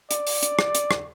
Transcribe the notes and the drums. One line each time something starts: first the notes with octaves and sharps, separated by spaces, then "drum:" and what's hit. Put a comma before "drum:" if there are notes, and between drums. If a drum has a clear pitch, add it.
D5, drum: hi-hat
drum: open hi-hat
drum: hi-hat
drum: rim click
drum: hi-hat
drum: rim click